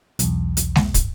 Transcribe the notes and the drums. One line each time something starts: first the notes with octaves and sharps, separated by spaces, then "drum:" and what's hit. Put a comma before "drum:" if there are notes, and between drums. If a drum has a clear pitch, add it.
B1 E2, drum: hi-hat
drum: hi-hat
drum: snare G#3
drum: kick, hi-hat